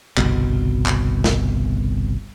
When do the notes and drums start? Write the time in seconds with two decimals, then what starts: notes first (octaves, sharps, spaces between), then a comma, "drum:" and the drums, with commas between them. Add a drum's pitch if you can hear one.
0.17 G1 C2 B2, drum: clap
0.86 drum: clap
1.24 drum: snare